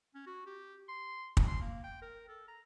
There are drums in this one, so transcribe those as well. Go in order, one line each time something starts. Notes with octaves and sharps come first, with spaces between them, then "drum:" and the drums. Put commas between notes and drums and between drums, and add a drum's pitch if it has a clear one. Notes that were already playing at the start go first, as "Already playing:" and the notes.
C#4
F#4
G4
C6
drum: kick
C6
A#3
G5
A#4
A4
A#5